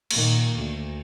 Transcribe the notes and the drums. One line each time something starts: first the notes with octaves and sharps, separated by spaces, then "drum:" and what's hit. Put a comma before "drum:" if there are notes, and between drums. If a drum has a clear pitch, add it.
A#2 D#3 A#3, drum: cymbal
D2